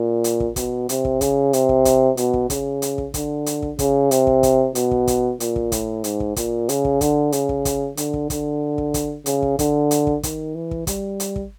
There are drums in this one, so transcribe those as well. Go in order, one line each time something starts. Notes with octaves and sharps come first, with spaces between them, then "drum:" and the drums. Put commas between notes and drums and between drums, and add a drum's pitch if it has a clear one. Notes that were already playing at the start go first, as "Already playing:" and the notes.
Already playing: A#2
drum: hi-hat
drum: kick
B2, drum: kick, hi-hat
C3, drum: hi-hat
drum: kick
C#3, drum: kick, hi-hat
C3, drum: hi-hat
drum: kick
drum: kick, hi-hat
B2, drum: hi-hat
drum: kick
C#3, drum: kick, hi-hat
drum: hi-hat
drum: kick
D3, drum: kick, hi-hat
drum: hi-hat
drum: kick
C#3, drum: kick, hi-hat
C3, drum: hi-hat
drum: kick
drum: kick, hi-hat
B2, drum: hi-hat
drum: kick
drum: kick, hi-hat
A#2, drum: hi-hat
drum: kick
A2, drum: kick, hi-hat
G#2, drum: hi-hat
drum: kick
A#2, drum: kick, hi-hat
C#3, drum: hi-hat
drum: kick
D3, drum: kick, hi-hat
C#3, drum: hi-hat
drum: kick
drum: kick, hi-hat
D3, drum: hi-hat
drum: kick
D3, drum: kick, hi-hat
drum: kick
drum: kick, hi-hat
C#3, drum: hi-hat
drum: kick
D3, drum: kick, hi-hat
drum: hi-hat
drum: kick
D#3, drum: kick, hi-hat
E3
drum: kick
G3, drum: kick, hi-hat
drum: hi-hat
drum: kick